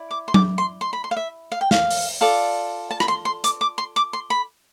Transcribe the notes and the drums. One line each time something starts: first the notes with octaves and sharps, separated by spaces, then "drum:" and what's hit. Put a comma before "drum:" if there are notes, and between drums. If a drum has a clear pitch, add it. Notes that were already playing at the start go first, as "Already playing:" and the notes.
Already playing: E4 D5
D6
C6
D6, drum: tom F#3
C6
C6
B5
C6
F5
E5
F5
G5
F5, drum: snare
drum: open hi-hat
F4 A4 D5
A5
B5, drum: rim click
C6
C6
D6, drum: hi-hat
D6
C6
D6
C6
B5